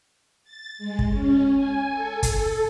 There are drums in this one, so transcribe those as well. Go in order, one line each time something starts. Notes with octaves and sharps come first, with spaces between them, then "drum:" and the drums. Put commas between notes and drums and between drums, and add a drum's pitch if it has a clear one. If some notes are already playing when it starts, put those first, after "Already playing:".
A6
G#3
drum: kick
C#4
G#5
A4
A4, drum: kick, hi-hat